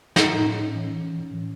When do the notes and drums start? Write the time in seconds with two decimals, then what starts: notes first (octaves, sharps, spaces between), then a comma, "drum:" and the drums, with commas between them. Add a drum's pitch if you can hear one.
0.16 A2 D#4, drum: snare
0.31 A2
0.45 A2 C#4
0.61 A2
0.75 E3 C#4
0.90 E3
1.04 E3
1.19 A2
1.34 E3